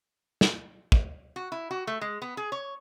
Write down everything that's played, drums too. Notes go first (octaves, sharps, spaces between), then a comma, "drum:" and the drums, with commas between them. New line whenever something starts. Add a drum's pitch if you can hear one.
drum: snare
drum: kick
F#4
E4
F#4
A3
G#3
B3
G#4
C#5